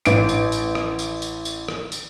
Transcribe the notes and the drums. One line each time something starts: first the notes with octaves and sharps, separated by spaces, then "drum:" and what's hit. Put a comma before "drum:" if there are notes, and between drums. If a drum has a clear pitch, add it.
A1 D7, drum: tambourine
drum: tambourine
drum: tambourine
drum: rim click
drum: tambourine
drum: tambourine
drum: tambourine
drum: rim click
drum: tambourine